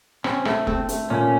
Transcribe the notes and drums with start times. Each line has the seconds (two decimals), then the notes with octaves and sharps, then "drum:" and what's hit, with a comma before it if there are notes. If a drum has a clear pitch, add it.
0.24 C4 C#4, drum: rim click
0.45 A3, drum: rim click
0.67 A3 C4, drum: kick E1
0.89 A3, drum: hi-hat
1.10 A#2 C#4